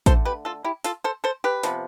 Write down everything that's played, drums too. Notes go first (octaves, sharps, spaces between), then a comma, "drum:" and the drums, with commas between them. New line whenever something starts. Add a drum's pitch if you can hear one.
D3 A3 A4 C5, drum: kick A1, hi-hat
G4 B4
F4 A4
E4 G4
F4 A4, drum: hi-hat
A4 C5
A4 C5
G4 B4
C3 F3 B3, drum: hi-hat